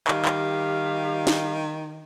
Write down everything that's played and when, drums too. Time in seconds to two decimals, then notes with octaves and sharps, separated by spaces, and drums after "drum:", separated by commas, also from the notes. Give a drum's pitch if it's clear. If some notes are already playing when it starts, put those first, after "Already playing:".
0.08 D#3 G3 G4 F5, drum: clap
0.25 drum: clap
1.27 drum: snare